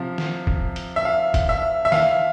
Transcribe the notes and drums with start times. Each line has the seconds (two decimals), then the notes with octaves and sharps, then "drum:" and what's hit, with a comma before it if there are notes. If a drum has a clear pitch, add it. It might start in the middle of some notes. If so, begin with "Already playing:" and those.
Already playing: C3 F3
0.18 drum: snare
0.47 drum: kick
0.76 drum: hi-hat
0.96 E5
1.05 F5
1.34 drum: kick, hi-hat
1.49 E5
1.85 E5
1.92 F5, drum: snare